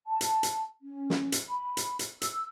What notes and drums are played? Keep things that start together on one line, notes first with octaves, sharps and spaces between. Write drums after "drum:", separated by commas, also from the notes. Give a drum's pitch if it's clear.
A5
drum: hi-hat
drum: hi-hat
C#4
drum: snare
drum: hi-hat
B5
drum: hi-hat
drum: hi-hat
E6, drum: hi-hat